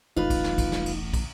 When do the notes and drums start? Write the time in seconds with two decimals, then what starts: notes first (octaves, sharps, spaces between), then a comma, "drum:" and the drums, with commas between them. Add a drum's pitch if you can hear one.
0.16 D#1 A1 E2 D#4 F4 B4
0.30 drum: kick, cymbal
0.44 drum: snare
0.58 drum: kick, cymbal
0.72 drum: snare
0.86 drum: cymbal
1.13 drum: kick, cymbal